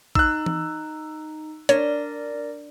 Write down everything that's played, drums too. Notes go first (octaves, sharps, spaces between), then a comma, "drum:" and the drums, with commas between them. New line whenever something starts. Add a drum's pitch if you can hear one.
D#4 E6 F#6, drum: kick A#1
drum: tom E3
D4 A#4 C#5 D5 A#6, drum: hi-hat